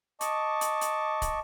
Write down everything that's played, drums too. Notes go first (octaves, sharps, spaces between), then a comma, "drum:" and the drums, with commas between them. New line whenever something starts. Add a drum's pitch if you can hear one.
D#5 A5 C#6 D6, drum: hi-hat
drum: hi-hat
drum: hi-hat
drum: kick, hi-hat